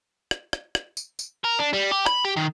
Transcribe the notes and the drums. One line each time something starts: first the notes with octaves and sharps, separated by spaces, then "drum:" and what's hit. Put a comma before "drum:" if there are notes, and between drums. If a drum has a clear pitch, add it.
drum: rim click
drum: rim click
drum: rim click
drum: tambourine
drum: tambourine
A#4
D4
G3
G4
B5, drum: rim click
G4
D#3